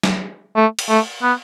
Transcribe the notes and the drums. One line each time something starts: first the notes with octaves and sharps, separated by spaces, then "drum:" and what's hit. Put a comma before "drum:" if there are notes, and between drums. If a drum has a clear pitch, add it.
drum: snare
A3
drum: cymbal
A3
B3